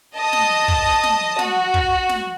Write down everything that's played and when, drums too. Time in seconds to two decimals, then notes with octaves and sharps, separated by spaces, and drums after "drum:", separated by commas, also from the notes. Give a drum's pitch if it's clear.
0.16 D#5 A5 D#6
0.33 drum: snare
0.68 drum: kick
1.03 drum: snare
1.39 F#4, drum: snare
1.74 drum: kick
2.09 drum: snare